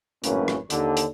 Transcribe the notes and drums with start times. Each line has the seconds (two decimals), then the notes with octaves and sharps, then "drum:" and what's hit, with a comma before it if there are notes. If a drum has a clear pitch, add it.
0.24 G#1 F#2 A2 A#3 C#4 B4, drum: hi-hat
0.48 drum: rim click
0.70 D#2 D3, drum: hi-hat
0.97 drum: hi-hat